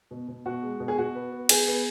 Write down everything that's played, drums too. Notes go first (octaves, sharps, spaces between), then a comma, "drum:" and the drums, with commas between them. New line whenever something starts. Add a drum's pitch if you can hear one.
B2
B2
B2 F#4
G#3
B2
G#4
B2 F#4
B3
B3
B3 G#4, drum: cymbal
B3